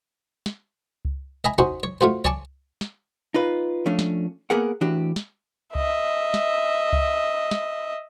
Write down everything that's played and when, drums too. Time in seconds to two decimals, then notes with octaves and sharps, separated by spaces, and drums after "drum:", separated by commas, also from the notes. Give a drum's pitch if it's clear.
0.46 drum: snare
1.05 drum: kick C#2
1.44 D#5 E5 G#5 A#5 B5
1.58 C#4 D#4 F#4 C5
1.83 C#5
2.01 A3 F4 F#4 C5
2.25 C#5 D5 G#5 A5 C#6 D6, drum: kick C#2
2.81 drum: snare
3.34 D#4 F4 B4
3.86 F3 A3 C#4 D4
3.99 drum: snare
4.50 A#3 B3 G#4 A#4 F#5
4.81 A2 E3 D4 F#4 G4
5.16 drum: snare
5.75 D#5 E5, drum: kick C#2
6.34 drum: snare
6.93 drum: kick C#2
7.51 drum: snare